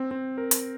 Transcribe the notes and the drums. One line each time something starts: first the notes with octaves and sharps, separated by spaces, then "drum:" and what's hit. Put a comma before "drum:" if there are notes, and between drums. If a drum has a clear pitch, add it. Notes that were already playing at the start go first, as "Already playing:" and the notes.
Already playing: C4
C4
A#4
drum: hi-hat